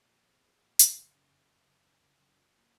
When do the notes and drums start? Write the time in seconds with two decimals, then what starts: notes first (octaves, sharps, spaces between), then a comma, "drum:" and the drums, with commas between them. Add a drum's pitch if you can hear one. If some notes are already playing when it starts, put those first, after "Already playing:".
Already playing: A#2 G#3
0.10 F3
0.28 C4
0.45 G#3
0.62 A#2
0.79 F3, drum: hi-hat
0.97 F#1
1.15 C#3
1.32 F#1
1.50 F#2
1.66 F#1
1.85 C#3
2.02 F#1
2.19 F#2
2.37 F4
2.54 A#3